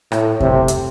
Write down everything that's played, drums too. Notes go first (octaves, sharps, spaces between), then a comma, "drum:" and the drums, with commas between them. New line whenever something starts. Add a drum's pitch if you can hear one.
A2, drum: rim click
C3, drum: kick F2
drum: hi-hat